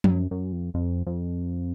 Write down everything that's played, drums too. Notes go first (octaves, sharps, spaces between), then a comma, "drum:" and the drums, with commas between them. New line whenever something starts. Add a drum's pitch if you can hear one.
G2, drum: tom F3
F#2
F#2
F2
F2
F2